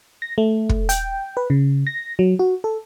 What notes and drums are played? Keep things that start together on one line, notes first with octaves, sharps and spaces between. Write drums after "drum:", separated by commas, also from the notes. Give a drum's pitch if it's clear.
A#6
A3
drum: kick
G5, drum: hi-hat
B4
C#3
A#6
F#3
F#4
A4